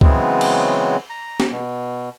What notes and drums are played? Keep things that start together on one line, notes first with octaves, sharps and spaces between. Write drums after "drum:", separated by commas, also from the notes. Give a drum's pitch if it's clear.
C#3 E3 F#3 G#3 B3 C4, drum: kick
drum: cymbal
A#5
drum: snare
B2